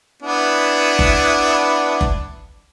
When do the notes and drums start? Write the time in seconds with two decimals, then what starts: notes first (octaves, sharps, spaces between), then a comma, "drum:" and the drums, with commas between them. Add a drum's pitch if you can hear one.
0.22 B3 D4 E4
0.99 drum: kick F#1
2.01 drum: kick F#1